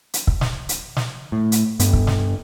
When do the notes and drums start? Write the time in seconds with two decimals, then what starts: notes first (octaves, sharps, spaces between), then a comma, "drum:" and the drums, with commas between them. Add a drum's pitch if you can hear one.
0.14 drum: hi-hat
0.27 drum: kick
0.41 drum: snare
0.69 drum: hi-hat
0.97 drum: snare
1.32 A2
1.52 drum: hi-hat
1.79 G2 B3, drum: hi-hat
1.93 drum: kick
2.07 drum: snare